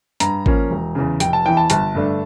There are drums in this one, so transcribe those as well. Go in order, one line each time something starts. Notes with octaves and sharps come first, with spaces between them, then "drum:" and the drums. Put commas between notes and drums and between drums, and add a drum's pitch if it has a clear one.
G2 A#5, drum: hi-hat
F3 A#3 C#4, drum: kick G#1
E1
E2 C#3
F1 G5, drum: hi-hat
A5
E2 E3 G5
A5
G1 A5, drum: hi-hat
G2 D3 A3 D4